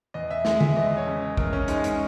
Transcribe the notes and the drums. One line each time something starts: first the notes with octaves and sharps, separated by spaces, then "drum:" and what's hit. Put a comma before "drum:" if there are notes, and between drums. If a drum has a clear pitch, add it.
E2 D#5
E5
G#3 D#5, drum: snare
E5, drum: tom D3
E2 D#5
C#5
C#3
E2 A#4, drum: kick
C#4
G#3 D#4, drum: hi-hat
C#4, drum: hi-hat